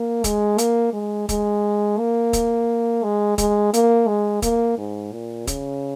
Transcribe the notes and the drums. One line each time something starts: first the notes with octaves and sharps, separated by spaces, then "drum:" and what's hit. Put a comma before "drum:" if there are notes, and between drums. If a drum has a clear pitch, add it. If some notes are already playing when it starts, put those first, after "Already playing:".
Already playing: A#3
G#3, drum: kick, hi-hat
A#3, drum: hi-hat
G#3
G#3, drum: kick, hi-hat
A#3
drum: kick, hi-hat
G#3
G#3, drum: kick, hi-hat
A#3, drum: hi-hat
G#3
A#3, drum: kick, hi-hat
G#2
A#2
C#3, drum: kick, hi-hat